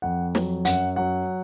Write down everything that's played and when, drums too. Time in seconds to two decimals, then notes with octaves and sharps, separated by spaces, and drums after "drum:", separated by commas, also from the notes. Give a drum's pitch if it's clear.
0.02 F2 F#5
0.35 F#3, drum: snare
0.65 F#2 F#5, drum: hi-hat
0.96 F#3 F#5